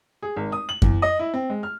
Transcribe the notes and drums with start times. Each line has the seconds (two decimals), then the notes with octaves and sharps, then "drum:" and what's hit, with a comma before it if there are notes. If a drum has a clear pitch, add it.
0.23 G#4
0.37 G#1
0.52 D#6
0.69 F#7
0.82 E2, drum: kick F#2
1.02 D#5
1.19 E4
1.34 C4
1.50 G#3
1.63 F6